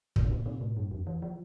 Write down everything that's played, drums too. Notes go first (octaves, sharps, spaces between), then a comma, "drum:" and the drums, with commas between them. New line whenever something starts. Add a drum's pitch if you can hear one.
A2, drum: kick
C3
A#2
C3
A2
G2
F2
E3
F3